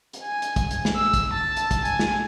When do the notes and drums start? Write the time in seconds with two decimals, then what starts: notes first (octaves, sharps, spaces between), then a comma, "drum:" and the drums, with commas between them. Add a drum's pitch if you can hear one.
0.13 drum: hi-hat
0.24 G#5
0.42 drum: hi-hat
0.56 drum: kick, hi-hat
0.71 drum: hi-hat
0.85 drum: snare
0.96 E6
1.14 drum: kick, hi-hat
1.34 A5
1.56 drum: hi-hat
1.71 drum: kick, hi-hat
1.85 G#5, drum: hi-hat
1.99 drum: snare